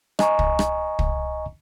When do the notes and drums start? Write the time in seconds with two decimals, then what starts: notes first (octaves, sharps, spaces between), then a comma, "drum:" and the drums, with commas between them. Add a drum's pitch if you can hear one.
0.19 D#5 G#5 A#5 C#6, drum: rim click
0.39 drum: kick
0.59 drum: rim click
0.99 drum: kick